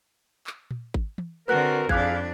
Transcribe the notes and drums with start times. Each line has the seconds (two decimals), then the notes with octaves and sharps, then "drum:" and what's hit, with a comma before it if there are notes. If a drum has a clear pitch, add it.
0.47 drum: clap
0.71 drum: tom A#2
0.94 drum: kick G#1
1.18 drum: tom
1.48 D3 C4 F#4 A#4 B4 F#6
1.89 F2 D4 E4 G#4 F5 D6 F#6 G#6, drum: kick G#1